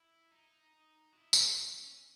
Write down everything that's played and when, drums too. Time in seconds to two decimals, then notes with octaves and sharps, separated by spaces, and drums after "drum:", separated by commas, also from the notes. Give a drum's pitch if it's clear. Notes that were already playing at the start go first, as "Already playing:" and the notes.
Already playing: E4
0.32 D#4
1.13 F#4
1.18 E4
1.33 E4, drum: tambourine
1.47 F#4
1.62 E4
1.76 C#4